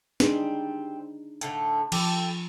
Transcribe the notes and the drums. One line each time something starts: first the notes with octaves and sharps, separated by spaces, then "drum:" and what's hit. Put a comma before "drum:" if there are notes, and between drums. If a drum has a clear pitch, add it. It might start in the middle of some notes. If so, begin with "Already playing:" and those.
G3 C4 D4 D#4 G#4, drum: snare
A2 D3 A3, drum: hi-hat
F3 G4 A4, drum: cymbal